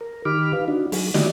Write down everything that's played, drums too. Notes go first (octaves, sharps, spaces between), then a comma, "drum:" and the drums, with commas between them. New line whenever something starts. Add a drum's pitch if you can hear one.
A#4
D#3 D#4 G4 B5 D6 F6
B4 F5
D4 D#4 F#4
F#3, drum: open hi-hat
D#4 E4 F#4 G4 D5 D#5, drum: snare